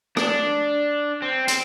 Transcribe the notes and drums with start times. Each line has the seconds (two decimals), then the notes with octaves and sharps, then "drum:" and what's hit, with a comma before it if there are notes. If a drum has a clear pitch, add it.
0.17 D4, drum: rim click
1.22 C4
1.48 C4, drum: hi-hat